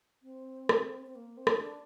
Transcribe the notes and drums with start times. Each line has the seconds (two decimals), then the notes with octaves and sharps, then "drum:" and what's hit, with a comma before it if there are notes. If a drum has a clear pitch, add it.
0.22 C4
0.69 drum: rim click
1.06 C4
1.15 A#3
1.37 C4
1.47 drum: rim click
1.57 D4